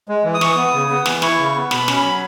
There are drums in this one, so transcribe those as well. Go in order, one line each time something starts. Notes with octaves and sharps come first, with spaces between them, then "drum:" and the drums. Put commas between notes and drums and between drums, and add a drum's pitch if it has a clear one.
G#3
E3
D#6
E3 C#6, drum: snare
B3 D#6
C#3
B3
E3, drum: snare
E4 C#6, drum: snare
C#3
B3
B2 B5, drum: snare
C#4, drum: snare
B5
F#3